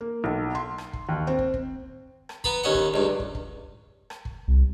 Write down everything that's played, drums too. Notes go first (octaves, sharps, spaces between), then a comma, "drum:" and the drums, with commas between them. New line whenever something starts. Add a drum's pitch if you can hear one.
A#3
B1
C6
drum: rim click
drum: kick
D#2
C4
drum: kick
drum: kick
drum: rim click
B3 A#5 B5, drum: kick
D#2 C#4 D#5 F#5
drum: kick
C#2 G2
drum: kick
drum: kick
drum: rim click
drum: kick
C2